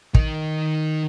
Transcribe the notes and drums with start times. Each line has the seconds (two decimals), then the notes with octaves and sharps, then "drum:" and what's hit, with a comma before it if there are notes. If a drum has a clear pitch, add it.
0.15 D#3 D#4, drum: kick